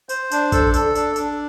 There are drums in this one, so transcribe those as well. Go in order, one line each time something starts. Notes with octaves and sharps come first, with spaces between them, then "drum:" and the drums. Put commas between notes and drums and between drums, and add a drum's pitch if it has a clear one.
C5, drum: tambourine
D4, drum: tambourine
A4, drum: kick, tambourine
A4, drum: tambourine
D4, drum: tambourine
D4, drum: tambourine